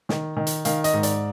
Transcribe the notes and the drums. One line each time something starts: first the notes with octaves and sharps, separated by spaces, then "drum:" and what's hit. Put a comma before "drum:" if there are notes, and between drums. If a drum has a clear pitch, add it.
D#3, drum: snare
D#3
drum: hi-hat
D#3 F5, drum: hi-hat
D#5, drum: hi-hat
G#2
D5, drum: hi-hat